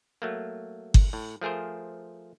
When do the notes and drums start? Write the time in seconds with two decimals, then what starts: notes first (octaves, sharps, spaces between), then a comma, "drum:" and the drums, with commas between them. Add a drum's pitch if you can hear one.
0.22 F#3 A3 A#3
0.94 drum: kick G1
1.13 A2
1.41 F3 A3 G#4 A#4 C5